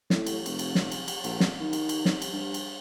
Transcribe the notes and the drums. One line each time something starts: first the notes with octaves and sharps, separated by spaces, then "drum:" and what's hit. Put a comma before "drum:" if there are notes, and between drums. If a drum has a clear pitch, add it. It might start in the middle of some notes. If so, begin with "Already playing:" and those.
A2, drum: snare
drum: cymbal
F1, drum: cymbal
drum: cymbal
drum: snare
drum: cymbal
drum: cymbal
A#1, drum: cymbal
drum: snare
D#3
drum: cymbal
drum: cymbal
drum: snare
drum: cymbal
G2
drum: cymbal